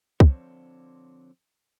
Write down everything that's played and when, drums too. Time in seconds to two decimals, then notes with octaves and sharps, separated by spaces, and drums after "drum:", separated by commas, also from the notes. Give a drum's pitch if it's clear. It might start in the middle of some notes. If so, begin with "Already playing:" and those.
0.20 D3 F3 C4 D4 C5 C#5, drum: kick